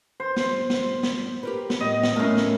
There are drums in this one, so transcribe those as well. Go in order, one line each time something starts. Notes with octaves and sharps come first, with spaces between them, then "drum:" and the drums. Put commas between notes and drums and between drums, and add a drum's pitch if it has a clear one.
C5
drum: snare
drum: snare
drum: snare
G4 A#4 B4
drum: snare
A2 D#5
drum: snare
A2 A3 C#4 A#4
drum: snare